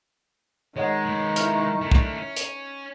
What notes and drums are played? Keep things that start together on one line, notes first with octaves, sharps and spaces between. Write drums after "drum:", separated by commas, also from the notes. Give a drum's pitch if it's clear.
D#3 G#3 C#5 D#5 F#5
G#3 B4
E4 F6, drum: hi-hat
A3 D4
drum: kick
C#4
drum: hi-hat